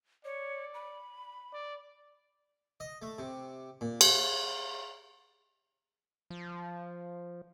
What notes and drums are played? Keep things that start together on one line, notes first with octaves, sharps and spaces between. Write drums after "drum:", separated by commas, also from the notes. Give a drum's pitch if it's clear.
C#5 D5
B5
D5
D#5
A3
C3
A#2
G#5, drum: cymbal
F3